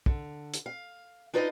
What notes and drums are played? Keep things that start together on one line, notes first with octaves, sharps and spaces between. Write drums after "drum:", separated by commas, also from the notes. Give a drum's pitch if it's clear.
D3, drum: kick
drum: hi-hat
F5
D4 D#4 F4 B4 D5 D#5